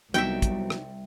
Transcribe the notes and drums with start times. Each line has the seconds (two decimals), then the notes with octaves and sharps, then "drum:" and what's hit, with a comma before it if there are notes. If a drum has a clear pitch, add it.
0.14 C2 F#3 B3 D#4 E5 G5, drum: hi-hat
0.42 drum: kick, hi-hat
0.70 drum: rim click